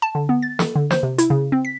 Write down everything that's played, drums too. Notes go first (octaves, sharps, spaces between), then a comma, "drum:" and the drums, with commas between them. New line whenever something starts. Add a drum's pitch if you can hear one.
A5
D3
B3
A6
A4, drum: snare
D3
C5, drum: snare
C3
E4, drum: hi-hat
C#3
C4
B6